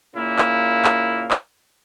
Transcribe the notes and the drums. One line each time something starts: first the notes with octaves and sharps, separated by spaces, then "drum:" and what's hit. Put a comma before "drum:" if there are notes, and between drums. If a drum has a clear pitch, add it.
A#2 C#3 A#3 E4
drum: clap
drum: clap
drum: clap